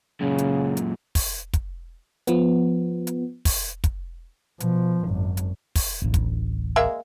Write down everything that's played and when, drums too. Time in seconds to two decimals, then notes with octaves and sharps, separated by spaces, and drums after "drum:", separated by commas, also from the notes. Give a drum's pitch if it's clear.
0.21 F#2 A#2 C#3
0.38 drum: hi-hat
0.77 drum: hi-hat
1.15 drum: kick, open hi-hat
1.53 drum: kick, hi-hat
2.27 F3 B3, drum: hi-hat
3.07 drum: hi-hat
3.45 drum: kick, open hi-hat
3.84 drum: kick, hi-hat
4.60 B2 F3, drum: hi-hat
5.05 G#1 F#2
5.37 drum: hi-hat
5.75 drum: kick, open hi-hat
6.02 D1 A1
6.14 drum: kick, hi-hat
6.76 G#3 A#3 E5